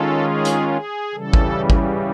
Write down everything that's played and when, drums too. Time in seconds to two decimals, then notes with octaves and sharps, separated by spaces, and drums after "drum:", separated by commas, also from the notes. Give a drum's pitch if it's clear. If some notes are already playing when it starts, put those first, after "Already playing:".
Already playing: D#3 G#3 C#4 F4 A4
0.23 G#4
0.45 drum: hi-hat
0.68 G#4
1.14 C#3 E3 G3 A4
1.33 drum: kick
1.70 drum: kick